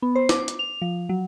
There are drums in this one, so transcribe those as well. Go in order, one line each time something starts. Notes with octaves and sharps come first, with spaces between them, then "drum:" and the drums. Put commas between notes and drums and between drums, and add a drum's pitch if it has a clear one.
B3
C5
D6, drum: snare
drum: hi-hat
F7
F3
F#3